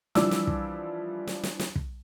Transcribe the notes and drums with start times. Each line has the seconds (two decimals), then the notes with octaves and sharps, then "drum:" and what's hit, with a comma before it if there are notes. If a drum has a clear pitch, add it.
0.15 E3 F3 G3 D4 D6 E6, drum: snare
0.31 drum: snare
0.47 drum: kick
1.27 drum: snare
1.43 drum: snare
1.60 drum: snare
1.76 drum: kick